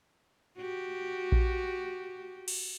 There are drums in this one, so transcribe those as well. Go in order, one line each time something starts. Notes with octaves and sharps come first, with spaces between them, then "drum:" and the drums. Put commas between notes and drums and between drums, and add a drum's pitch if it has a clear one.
F#4 G4
drum: kick A#1
drum: cymbal